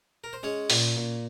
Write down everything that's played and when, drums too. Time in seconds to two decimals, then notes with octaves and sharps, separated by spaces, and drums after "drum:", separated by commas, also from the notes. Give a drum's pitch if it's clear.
0.24 A#4
0.33 C5
0.43 G#3 C#4 C#5
0.70 A#2, drum: open hi-hat
0.97 A#2